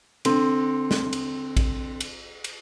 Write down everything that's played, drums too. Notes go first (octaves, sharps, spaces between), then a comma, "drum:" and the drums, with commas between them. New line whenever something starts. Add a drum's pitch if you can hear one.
D3 C4, drum: cymbal
drum: snare
drum: cymbal
drum: kick, cymbal
drum: cymbal
drum: cymbal